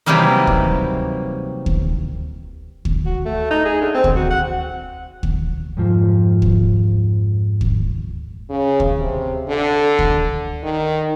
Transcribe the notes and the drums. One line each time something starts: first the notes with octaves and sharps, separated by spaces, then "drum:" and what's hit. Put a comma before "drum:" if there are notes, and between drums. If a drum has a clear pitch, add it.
C3 E3 F#3 G3 A#3 D#4
drum: kick D2
drum: kick D2
drum: kick D2
F#4
A3
D#4
G#4
D3
C4
drum: kick D2
F#4
F#5
drum: kick D2
F2 G#2 F3
drum: kick D2
drum: kick D2
C#3
drum: kick D2
C3
D3
drum: kick D2
D#3